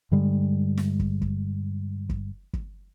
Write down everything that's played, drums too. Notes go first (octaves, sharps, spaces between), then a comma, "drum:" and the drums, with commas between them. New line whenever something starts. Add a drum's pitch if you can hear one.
G2 D3 G3 G#3
drum: snare
drum: kick
drum: kick
drum: kick
drum: kick